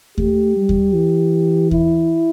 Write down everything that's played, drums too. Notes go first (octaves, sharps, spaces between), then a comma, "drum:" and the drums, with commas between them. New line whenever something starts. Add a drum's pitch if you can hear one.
A3 G4, drum: kick D#2
G3
drum: kick D#2
E3
E4, drum: kick D#2